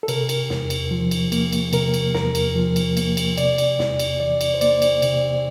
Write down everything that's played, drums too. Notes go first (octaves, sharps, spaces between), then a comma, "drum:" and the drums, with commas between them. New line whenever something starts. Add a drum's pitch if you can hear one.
A4
C3 A#4, drum: cymbal
drum: cymbal
E2, drum: snare
drum: cymbal
F3
drum: cymbal
A#3, drum: cymbal
drum: cymbal
C3 A#4, drum: cymbal
drum: cymbal
E2 A#4, drum: snare
drum: cymbal
F3
drum: cymbal
A#3, drum: cymbal
drum: cymbal
C3 D5, drum: cymbal
drum: cymbal
E2, drum: snare
drum: cymbal
E3 D5
drum: cymbal
C5
A#3 D5, drum: cymbal
drum: cymbal
C3, drum: cymbal